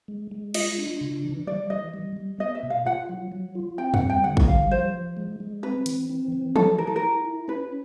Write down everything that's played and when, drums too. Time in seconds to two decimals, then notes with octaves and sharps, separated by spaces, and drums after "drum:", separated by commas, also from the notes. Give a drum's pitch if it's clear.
0.08 G#3
0.31 G#3
0.54 F4 D#5, drum: cymbal
0.78 D4
1.01 C#3
1.24 E3
1.47 G3 D5
1.70 E3 D#5
1.94 G3
2.17 G3
2.39 B3 D#5
2.55 E5
2.63 B2
2.70 F5
2.86 F4 F#5
3.09 F#3
3.32 F#3
3.55 F4
3.78 C4 G5
3.94 F#5, drum: tom E2
4.02 G3
4.10 G5
4.24 D3 F#5
4.37 drum: kick
4.47 G3 F5
4.71 F3 C5
4.94 F3
5.17 G#3
5.40 G#3
5.63 C4 B4
5.86 E3, drum: hi-hat
6.10 C4
6.32 E3
6.56 F#3 A4, drum: tom E3
6.78 E4 A#4
6.87 A4
6.96 A#4
7.02 E4
7.25 E4
7.48 C#4 B4